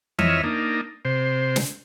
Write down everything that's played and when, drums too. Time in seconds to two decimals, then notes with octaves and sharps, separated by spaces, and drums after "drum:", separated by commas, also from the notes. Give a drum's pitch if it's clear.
0.19 F2 E3 C#5 D#5 E5 F6, drum: tom E3
0.44 A#3 D4 D#4
1.05 C3 C5
1.56 drum: snare